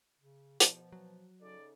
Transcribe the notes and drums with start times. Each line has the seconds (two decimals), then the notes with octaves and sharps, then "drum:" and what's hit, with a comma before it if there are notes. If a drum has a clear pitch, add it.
0.20 C#3
0.60 B2 F3, drum: hi-hat
0.92 F#3
1.40 C#3 D#4 A4 D5